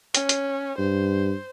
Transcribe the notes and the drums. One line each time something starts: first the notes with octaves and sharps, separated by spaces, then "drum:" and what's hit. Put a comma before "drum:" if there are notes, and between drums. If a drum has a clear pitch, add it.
C#4, drum: hi-hat
drum: hi-hat
G2 C5